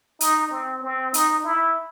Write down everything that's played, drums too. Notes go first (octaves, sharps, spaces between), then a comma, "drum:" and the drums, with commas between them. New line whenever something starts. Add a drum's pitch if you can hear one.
D#4, drum: hi-hat
C4
C4
D#4, drum: hi-hat
E4